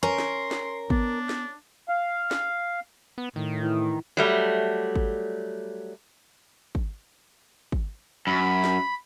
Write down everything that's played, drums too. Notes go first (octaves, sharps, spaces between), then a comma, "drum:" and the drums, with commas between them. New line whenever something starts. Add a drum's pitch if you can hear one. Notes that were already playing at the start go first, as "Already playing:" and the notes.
C#4 A#4 C6
drum: snare
drum: snare
B3 D4, drum: kick
drum: snare
F5
drum: snare
B3
A2 D#3
E3
F#3 G3 A3
drum: kick
drum: kick
drum: kick
F#2 B5
drum: snare